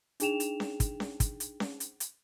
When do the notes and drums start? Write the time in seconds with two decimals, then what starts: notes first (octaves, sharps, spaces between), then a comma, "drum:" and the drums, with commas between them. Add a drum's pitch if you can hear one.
0.20 D4 D#4 G#4 G5 E7 F7, drum: hi-hat
0.40 drum: hi-hat
0.60 drum: snare C#4
0.80 drum: kick, hi-hat
1.00 drum: snare C#4
1.20 drum: kick, hi-hat
1.40 drum: hi-hat
1.60 drum: snare C#4
1.80 drum: hi-hat
2.00 drum: hi-hat